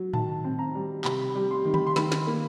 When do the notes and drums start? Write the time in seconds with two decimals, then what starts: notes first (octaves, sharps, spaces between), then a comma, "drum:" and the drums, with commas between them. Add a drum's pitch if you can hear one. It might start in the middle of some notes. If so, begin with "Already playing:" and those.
Already playing: F#3
0.13 D#3 A5, drum: tom A2
0.44 C4
0.59 A#5
0.75 G3
1.05 C3 B5, drum: clap
1.35 G3
1.51 C6
1.65 D#3
1.74 B5, drum: tom D3
1.87 C6
1.96 D#3 B5, drum: snare
2.12 drum: snare
2.27 A#3